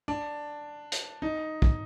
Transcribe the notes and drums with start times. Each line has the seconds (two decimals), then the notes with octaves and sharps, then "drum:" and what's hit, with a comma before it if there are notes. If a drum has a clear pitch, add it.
0.08 D4
0.92 drum: hi-hat
1.22 D#4
1.62 drum: kick